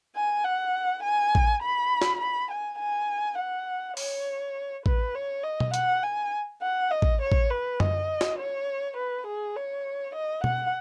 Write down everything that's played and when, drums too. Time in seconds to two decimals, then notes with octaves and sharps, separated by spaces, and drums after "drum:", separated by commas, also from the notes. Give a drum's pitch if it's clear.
0.15 G#5
0.44 F#5
1.03 G#5
1.35 drum: kick
1.62 B5
2.02 drum: snare
2.21 B5
2.51 G#5
2.79 G#5
3.38 F#5
3.97 C#5, drum: open hi-hat
4.86 B4, drum: kick
5.15 C#5
5.44 D#5
5.60 drum: tom B2
5.74 F#5, drum: hi-hat
6.03 G#5
6.62 F#5
6.91 D#5
7.02 drum: kick
7.21 C#5
7.32 drum: kick
7.50 B4
7.80 D#5, drum: tom F#2
8.21 drum: snare
8.39 C#5
8.97 B4
9.27 G#4
9.56 C#5
10.15 D#5
10.44 F#5, drum: tom B2